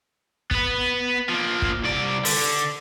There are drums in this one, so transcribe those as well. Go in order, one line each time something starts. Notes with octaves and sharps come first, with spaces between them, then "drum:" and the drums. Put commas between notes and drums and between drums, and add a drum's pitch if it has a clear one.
B3 B4, drum: kick
F3 A#3
drum: kick
C2 D5
D3, drum: open hi-hat